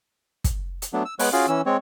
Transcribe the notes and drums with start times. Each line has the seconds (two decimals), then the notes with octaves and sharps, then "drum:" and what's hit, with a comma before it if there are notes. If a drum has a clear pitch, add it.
0.44 drum: kick, hi-hat
0.82 drum: hi-hat
0.93 F#3 A3 B3 D4
1.05 E6
1.19 G#3 B3 B4 C#5 F#6, drum: open hi-hat
1.33 C#4 F4 F#4 G#4 F5
1.48 E3 C#4 E6
1.66 G#3 C4 C#5